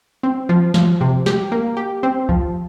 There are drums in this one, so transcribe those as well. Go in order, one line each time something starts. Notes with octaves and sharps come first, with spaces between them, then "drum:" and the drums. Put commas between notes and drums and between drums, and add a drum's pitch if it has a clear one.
C4
F3
F3, drum: snare
C3
G4, drum: snare
A#3
G4
C4
F3, drum: kick